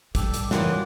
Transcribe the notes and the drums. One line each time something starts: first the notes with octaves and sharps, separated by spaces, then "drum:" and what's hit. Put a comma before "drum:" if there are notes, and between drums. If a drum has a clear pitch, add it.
G3 G4 A4, drum: kick, hi-hat
drum: hi-hat
F#2 C#3 E3 F4 G4 F#5, drum: snare